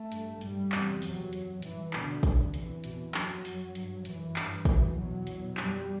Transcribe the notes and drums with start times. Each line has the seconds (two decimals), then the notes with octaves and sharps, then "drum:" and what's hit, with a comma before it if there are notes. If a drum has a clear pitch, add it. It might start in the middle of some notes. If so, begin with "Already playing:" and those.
Already playing: A3
0.12 G2, drum: hi-hat
0.41 G2 G3, drum: hi-hat
0.72 E2 C3, drum: clap
1.02 E2 C3 F#3, drum: open hi-hat
1.33 F#2, drum: hi-hat
1.62 G2 E3, drum: hi-hat
1.93 E2 B2 D3, drum: clap
2.23 G2, drum: kick, hi-hat
2.54 E2 C3 E3, drum: hi-hat
2.84 E2 B2, drum: hi-hat
3.14 F#2 F#3, drum: clap
3.45 F#2, drum: open hi-hat
3.75 G2, drum: hi-hat
4.05 F#2 E3, drum: hi-hat
4.36 G2, drum: clap
4.65 F#2 E3, drum: kick, hi-hat
4.96 E2 B2 F#3
5.27 E2 B2, drum: hi-hat
5.57 F#2 G3, drum: clap